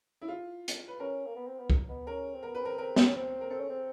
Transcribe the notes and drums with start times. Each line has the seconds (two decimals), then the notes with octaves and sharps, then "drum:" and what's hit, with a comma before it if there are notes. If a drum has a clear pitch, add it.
0.21 E4
0.28 F4
0.68 drum: hi-hat
0.88 B4
0.99 C#4 A#4
1.26 A#3
1.35 B3
1.47 C4
1.59 B3
1.70 drum: kick C2
1.89 B3
2.07 C#4 A#4
2.35 C4
2.43 B3 A#4
2.54 B4
2.61 C4 A#4
2.78 C4 A#4
2.96 C#4, drum: snare
3.14 C4
3.41 A#4
3.50 C4 A4
3.60 C#4
3.69 C4